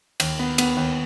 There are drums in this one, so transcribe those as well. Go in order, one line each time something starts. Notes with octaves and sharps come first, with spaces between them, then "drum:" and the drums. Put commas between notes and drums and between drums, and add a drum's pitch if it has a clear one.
D#2, drum: cymbal
B3
B3, drum: cymbal
D#2